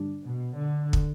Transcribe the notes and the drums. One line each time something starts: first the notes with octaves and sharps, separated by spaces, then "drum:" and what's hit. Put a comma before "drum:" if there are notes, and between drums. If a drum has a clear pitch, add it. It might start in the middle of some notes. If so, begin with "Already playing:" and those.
Already playing: G2 D3 G3 D4
B2
D3
drum: kick